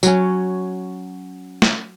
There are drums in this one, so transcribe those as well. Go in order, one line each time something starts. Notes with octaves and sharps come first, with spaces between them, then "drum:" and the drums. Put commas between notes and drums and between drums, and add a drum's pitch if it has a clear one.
F#3 C#4, drum: tambourine
drum: snare